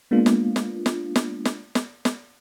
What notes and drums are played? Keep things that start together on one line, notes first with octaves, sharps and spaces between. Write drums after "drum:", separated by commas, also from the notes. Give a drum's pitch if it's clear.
G#3 A#3 B3 D4 F4
drum: snare
drum: snare
drum: snare
drum: snare
drum: snare
drum: snare
drum: snare